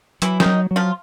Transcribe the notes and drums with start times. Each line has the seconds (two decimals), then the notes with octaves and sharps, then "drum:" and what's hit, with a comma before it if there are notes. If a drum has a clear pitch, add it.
0.22 E3 F#3 E4, drum: hi-hat
0.40 D#3 D#4, drum: snare
0.46 F#3
0.71 F#3
0.76 F3 F4